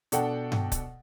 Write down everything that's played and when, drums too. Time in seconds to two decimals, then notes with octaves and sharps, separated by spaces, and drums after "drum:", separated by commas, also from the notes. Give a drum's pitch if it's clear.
0.12 B2 D4 A4 F#5 G5, drum: hi-hat
0.52 drum: tom G2
0.72 drum: kick C#1, hi-hat